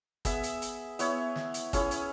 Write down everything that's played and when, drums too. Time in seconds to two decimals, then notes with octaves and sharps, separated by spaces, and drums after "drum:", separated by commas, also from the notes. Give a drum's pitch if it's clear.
0.25 B3 G#4 E5, drum: kick, hi-hat
0.43 drum: hi-hat
0.62 drum: hi-hat
0.99 B3 E4 C#5, drum: hi-hat
1.36 drum: snare
1.54 drum: hi-hat
1.73 C#4 E4 G#4 C#5, drum: kick, hi-hat
1.91 drum: hi-hat